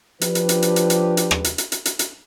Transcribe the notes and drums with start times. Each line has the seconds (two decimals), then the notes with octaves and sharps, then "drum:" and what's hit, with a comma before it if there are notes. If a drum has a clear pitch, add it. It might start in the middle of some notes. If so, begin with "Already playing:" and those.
0.21 F3 D4 G4 B4, drum: hi-hat
0.35 drum: hi-hat
0.49 drum: hi-hat
0.62 drum: hi-hat
0.76 drum: hi-hat
0.90 drum: hi-hat
1.17 drum: hi-hat
1.31 drum: rim click
1.44 drum: hi-hat
1.58 drum: hi-hat
1.72 drum: hi-hat
1.85 drum: hi-hat
1.99 drum: hi-hat